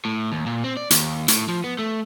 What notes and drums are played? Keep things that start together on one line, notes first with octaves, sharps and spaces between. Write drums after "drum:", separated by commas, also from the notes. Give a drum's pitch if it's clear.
A2
D#2
A#2
C4
D5
D#2, drum: hi-hat
A2, drum: hi-hat
F3
B3
A3